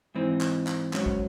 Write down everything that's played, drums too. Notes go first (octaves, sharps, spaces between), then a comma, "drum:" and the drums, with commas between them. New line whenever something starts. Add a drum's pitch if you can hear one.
G#2 E3 C4 D#4
drum: clap
drum: clap
G#2 F#3 C#4, drum: clap
drum: kick